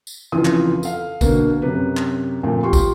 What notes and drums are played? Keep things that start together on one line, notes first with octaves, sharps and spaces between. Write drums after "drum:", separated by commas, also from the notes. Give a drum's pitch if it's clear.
drum: tambourine
F1 F2 C#3 E3 F4 D#6
drum: clap
A4 F5, drum: tambourine
B2 D3 A#3, drum: kick, tambourine
F#2 C3 B4
drum: clap
F2 A#2 A3
F4 G4 C6 C#6
drum: kick, tambourine